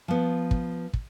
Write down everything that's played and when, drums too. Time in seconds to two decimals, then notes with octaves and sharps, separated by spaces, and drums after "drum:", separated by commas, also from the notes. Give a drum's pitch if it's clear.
0.08 F3 B3
0.51 drum: kick
0.93 drum: kick